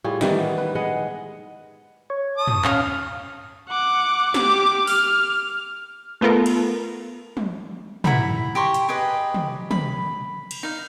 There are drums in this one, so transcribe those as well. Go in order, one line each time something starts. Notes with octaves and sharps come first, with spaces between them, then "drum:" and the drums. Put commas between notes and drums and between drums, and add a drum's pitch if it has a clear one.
A2 G3 F4 G#4
D#3 E3 G3 A#4, drum: snare
B3
B4
G#3 B3 D#5 F#5
C#5
A5 C#6 D#6
drum: tom
C#4 F5 F6, drum: clap
F#5 D6
G4 D6, drum: snare
F6, drum: open hi-hat
A3 B3 F4 A4 A#4
drum: cymbal
drum: tom
E4 F#5 A#5 B5, drum: tom
G4 A#5 C6 C#6
drum: hi-hat
G4 G#4 B4 D#5
drum: tom
B5, drum: tom
drum: cymbal
D#4 F5